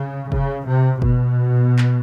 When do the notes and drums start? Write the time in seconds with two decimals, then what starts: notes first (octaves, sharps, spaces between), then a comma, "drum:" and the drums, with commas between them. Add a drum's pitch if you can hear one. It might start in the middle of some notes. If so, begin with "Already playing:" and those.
Already playing: C#3
0.32 C#3, drum: kick F#1
0.67 C3
1.02 B2, drum: kick F#1
1.78 drum: clap